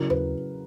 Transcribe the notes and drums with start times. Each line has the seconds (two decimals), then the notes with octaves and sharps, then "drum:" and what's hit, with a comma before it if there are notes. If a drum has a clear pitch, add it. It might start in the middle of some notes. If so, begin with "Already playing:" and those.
Already playing: C#3 F#3 C#4 E4 A#4
0.10 B4, drum: tom D#2